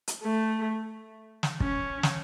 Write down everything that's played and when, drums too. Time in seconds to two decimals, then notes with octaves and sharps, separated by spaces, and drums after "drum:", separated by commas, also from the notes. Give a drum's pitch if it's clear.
0.08 drum: hi-hat
0.23 A3
1.43 drum: snare
1.60 C#4, drum: kick
2.03 drum: snare